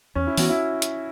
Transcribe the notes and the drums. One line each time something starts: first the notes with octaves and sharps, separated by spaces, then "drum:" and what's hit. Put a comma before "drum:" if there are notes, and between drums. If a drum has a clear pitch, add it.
E2 C#4
E4
E3 B3 F#4, drum: open hi-hat
E4
drum: hi-hat